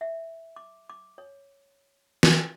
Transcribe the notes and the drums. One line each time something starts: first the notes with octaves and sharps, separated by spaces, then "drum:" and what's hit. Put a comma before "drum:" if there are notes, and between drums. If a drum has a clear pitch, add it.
E5
D6
D6
C#5
drum: snare